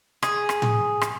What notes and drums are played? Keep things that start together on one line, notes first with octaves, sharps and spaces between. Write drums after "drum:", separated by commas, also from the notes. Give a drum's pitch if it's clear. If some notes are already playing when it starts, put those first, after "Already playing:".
G#4, drum: rim click
drum: rim click
drum: tom A2
drum: rim click